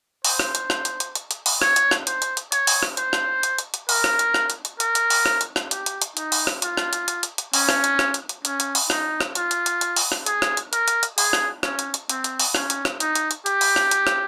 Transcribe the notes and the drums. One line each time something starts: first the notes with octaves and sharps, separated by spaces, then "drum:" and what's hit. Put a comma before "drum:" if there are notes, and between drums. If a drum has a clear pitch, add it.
C5, drum: open hi-hat
drum: rim click
drum: hi-hat
drum: rim click
drum: hi-hat
drum: hi-hat
drum: hi-hat
drum: hi-hat
drum: open hi-hat
C#5, drum: rim click
drum: hi-hat
drum: rim click
C5, drum: hi-hat
drum: hi-hat
drum: hi-hat
C#5, drum: hi-hat
drum: open hi-hat
drum: rim click
C5, drum: hi-hat
drum: rim click
drum: hi-hat
drum: hi-hat
drum: hi-hat
A#4, drum: open hi-hat
drum: rim click
drum: hi-hat
drum: rim click
drum: hi-hat
drum: hi-hat
A#4, drum: hi-hat
drum: hi-hat
drum: open hi-hat
drum: rim click
drum: hi-hat
drum: rim click
G4, drum: hi-hat
drum: hi-hat
drum: hi-hat
D#4, drum: hi-hat
drum: open hi-hat
drum: rim click
F4, drum: hi-hat
drum: rim click
drum: hi-hat
drum: hi-hat
drum: hi-hat
drum: hi-hat
C#4, drum: open hi-hat
drum: rim click
drum: hi-hat
drum: rim click
drum: hi-hat
drum: hi-hat
C#4, drum: hi-hat
drum: hi-hat
drum: open hi-hat
D#4, drum: rim click
drum: rim click
F4, drum: hi-hat
drum: hi-hat
drum: hi-hat
drum: hi-hat
drum: open hi-hat
drum: rim click
G#4, drum: hi-hat
drum: rim click
drum: hi-hat
A#4, drum: hi-hat
drum: hi-hat
drum: hi-hat
G#4, drum: open hi-hat
drum: rim click
C#4, drum: rim click
drum: hi-hat
drum: hi-hat
C4, drum: hi-hat
drum: hi-hat
drum: open hi-hat
C#4, drum: rim click
drum: hi-hat
drum: rim click
D#4, drum: hi-hat
drum: hi-hat
drum: hi-hat
G4, drum: hi-hat
drum: open hi-hat
drum: rim click
drum: hi-hat
drum: rim click